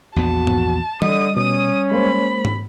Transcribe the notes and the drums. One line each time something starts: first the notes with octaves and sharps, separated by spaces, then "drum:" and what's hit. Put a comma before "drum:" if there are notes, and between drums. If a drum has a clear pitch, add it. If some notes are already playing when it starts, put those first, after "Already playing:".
A#1 E2 B3 F#4 A5
drum: tom G#2
D3 G3 D#5 D#6, drum: tom E3
B2 C#4 D#6
G#3 A#3 C5 B5
drum: tom G#2